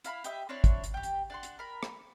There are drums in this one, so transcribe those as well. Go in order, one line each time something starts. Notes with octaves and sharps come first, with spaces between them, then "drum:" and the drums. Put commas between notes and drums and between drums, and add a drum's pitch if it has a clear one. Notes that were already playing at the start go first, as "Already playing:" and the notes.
E4 F5 A#5 B5, drum: hi-hat
G4 D#5 E5, drum: hi-hat
C4 D4 E4 C#5
drum: kick, hi-hat
drum: hi-hat
G4 G5
drum: hi-hat
D4 F#5 C6
drum: hi-hat
A#4 B5
drum: rim click